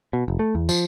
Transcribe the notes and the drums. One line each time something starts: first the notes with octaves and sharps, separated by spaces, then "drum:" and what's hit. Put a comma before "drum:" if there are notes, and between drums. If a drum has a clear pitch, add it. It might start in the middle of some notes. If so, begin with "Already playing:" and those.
B2
F1
A3
E2
F3, drum: tambourine